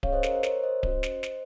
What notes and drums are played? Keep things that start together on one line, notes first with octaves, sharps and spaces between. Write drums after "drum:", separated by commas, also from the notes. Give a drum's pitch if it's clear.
C#4 G#4 C#5 F5, drum: kick D1
C5 D#5
A#4 C#5, drum: snare
C5
A#4 C#5, drum: snare
C5 D#5
C#4 F#4, drum: kick D1
drum: snare
drum: snare